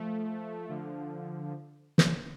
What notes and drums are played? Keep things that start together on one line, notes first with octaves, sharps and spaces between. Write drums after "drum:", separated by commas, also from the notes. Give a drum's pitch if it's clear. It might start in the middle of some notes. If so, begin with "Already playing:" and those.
Already playing: F3 A3
D3 F3
drum: snare